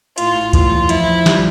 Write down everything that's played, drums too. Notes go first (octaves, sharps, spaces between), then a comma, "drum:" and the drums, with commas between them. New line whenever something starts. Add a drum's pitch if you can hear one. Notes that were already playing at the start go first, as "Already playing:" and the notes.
A2 F4, drum: hi-hat
A2
E2 F4, drum: kick C2, hi-hat
E2
F3 E4, drum: hi-hat
F3
G3, drum: snare